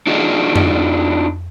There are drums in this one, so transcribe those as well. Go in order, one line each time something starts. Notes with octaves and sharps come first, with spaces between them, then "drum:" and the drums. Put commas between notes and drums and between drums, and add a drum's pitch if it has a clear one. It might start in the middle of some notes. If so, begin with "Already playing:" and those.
D4 D#4 F4 F#4 G#4 D#5
drum: tom F2